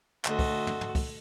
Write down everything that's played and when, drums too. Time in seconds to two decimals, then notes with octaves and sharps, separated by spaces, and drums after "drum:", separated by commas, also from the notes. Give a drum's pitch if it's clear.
0.25 D2 F#4 A4 D#5 C6, drum: clap
0.39 drum: kick, open hi-hat
0.67 drum: tom
0.81 drum: tom
0.95 drum: kick, open hi-hat